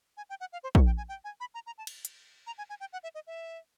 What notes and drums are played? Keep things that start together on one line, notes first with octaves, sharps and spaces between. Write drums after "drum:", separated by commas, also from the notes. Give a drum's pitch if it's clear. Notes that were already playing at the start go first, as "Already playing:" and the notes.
G#5
G5
F#5
F5
C5
C#5, drum: kick
G5
G#5
G5
G#5
B5
A#5
A#5
A5
drum: cymbal
drum: hi-hat
A#5
G#5
G#5
G5
F#5
E5
D#5
E5